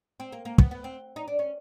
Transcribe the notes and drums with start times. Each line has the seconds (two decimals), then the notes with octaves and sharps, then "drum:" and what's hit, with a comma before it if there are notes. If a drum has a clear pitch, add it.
0.20 C4
0.32 A#3
0.45 A#3
0.58 B3, drum: kick
0.71 B3
0.84 C4
1.16 D#4
1.28 D4
1.39 C#4